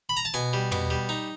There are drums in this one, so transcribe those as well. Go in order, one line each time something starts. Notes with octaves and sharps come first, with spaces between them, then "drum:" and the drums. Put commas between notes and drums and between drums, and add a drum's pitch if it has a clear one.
B5
A#5
A5
B2 G#5
G3
B2, drum: tom
G3
D#4